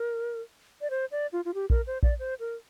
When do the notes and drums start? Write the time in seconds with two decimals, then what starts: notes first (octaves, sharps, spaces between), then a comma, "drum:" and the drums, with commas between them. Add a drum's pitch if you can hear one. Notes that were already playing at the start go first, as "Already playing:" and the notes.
Already playing: A#4
0.81 D5
0.90 C5
1.11 D5
1.33 F4
1.45 F4
1.54 G4
1.70 A#4, drum: kick A#1
1.87 C5
2.03 D5, drum: kick A#1
2.19 C5
2.40 A#4